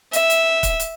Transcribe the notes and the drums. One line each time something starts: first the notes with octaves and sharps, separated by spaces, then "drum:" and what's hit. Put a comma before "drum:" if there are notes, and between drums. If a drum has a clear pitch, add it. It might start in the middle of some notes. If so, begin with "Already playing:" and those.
E5, drum: hi-hat
drum: hi-hat
drum: kick, hi-hat
drum: hi-hat